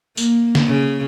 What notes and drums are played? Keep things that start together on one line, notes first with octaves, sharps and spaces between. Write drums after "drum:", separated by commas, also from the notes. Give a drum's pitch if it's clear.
A#3, drum: tambourine
drum: snare D3
C#3